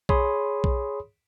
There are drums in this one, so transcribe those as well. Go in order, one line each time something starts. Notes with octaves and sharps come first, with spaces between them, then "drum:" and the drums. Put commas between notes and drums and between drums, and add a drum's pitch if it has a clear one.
G#4 C#5 B5 C6 D#6, drum: kick B1
drum: kick B1